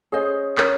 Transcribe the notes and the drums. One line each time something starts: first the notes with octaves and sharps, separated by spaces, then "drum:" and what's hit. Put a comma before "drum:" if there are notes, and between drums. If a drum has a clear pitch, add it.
C#4 G#4 C5 D#5
C#4 A#4, drum: clap